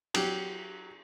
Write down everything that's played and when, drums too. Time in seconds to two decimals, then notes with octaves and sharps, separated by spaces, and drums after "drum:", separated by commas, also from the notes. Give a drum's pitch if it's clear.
0.14 F#3 G4, drum: cymbal